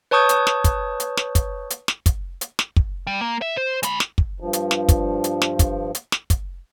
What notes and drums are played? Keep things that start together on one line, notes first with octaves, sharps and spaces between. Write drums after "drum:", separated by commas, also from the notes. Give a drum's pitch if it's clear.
B4 C#5 A5 C#6 D#6 G6
drum: hi-hat
drum: snare
drum: kick, hi-hat
drum: hi-hat
drum: snare
drum: kick, hi-hat
drum: hi-hat
drum: snare
drum: kick, hi-hat
drum: hi-hat
drum: snare
drum: kick
G3
A#3
E5
C5
G#3 B5, drum: hi-hat
drum: snare
drum: kick
G2 F3
drum: hi-hat
drum: snare
drum: kick, hi-hat
drum: hi-hat
drum: snare
drum: kick, hi-hat
drum: hi-hat
drum: snare
drum: kick, hi-hat